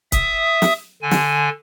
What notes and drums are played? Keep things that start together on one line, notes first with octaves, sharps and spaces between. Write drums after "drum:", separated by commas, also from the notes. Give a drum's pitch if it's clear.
E5 D#6, drum: kick C#1, hi-hat
drum: snare
D3 G#5
drum: snare